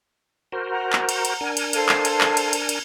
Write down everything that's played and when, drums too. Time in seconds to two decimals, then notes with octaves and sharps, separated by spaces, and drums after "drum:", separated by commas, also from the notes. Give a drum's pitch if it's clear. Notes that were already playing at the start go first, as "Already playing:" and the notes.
0.52 F#4 A#4 C5
0.70 F#5 A#5
0.93 drum: clap
1.09 drum: cymbal
1.25 drum: cymbal
1.41 D4 A#4 G#5
1.57 drum: cymbal
1.73 A4 C5 F5, drum: cymbal
1.89 drum: clap
2.05 drum: cymbal
2.21 drum: clap
2.37 drum: cymbal
2.53 drum: cymbal
2.69 drum: cymbal